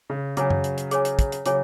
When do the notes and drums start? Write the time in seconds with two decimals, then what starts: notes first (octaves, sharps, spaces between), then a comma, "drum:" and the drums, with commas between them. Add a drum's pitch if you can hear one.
0.10 C#3
0.37 C#3 F#3 G#4 C#5 G#5, drum: hi-hat
0.50 drum: tom F#2
0.64 drum: hi-hat
0.78 drum: hi-hat
0.91 G#4 C#5 G#5, drum: hi-hat
1.05 drum: hi-hat
1.19 drum: kick, hi-hat
1.32 drum: hi-hat
1.46 C#3 F#3 G#4 C#5 G#5, drum: hi-hat